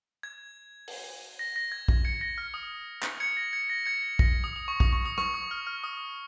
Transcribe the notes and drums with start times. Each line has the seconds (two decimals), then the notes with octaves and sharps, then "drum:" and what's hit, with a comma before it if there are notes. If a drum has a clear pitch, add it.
0.23 G#6
0.88 drum: open hi-hat
1.39 A#6
1.56 A#6
1.72 G#6
1.88 A#6, drum: kick A#1
2.05 G#6 C#7
2.21 A#6
2.38 F6
2.54 D#6
3.03 drum: clap
3.20 G#6 C#7
3.37 A#6
3.53 G#6 C#7
3.70 A#6
3.85 G#6 C#7
4.02 A#6
4.19 A#6, drum: kick A#1
4.44 D#6
4.56 D#6
4.68 C#6
4.80 D#6, drum: kick A#1
4.93 C#6
5.05 D#6
5.18 C#6, drum: rim click
5.34 D#6
5.51 F6
5.67 F6
5.84 D#6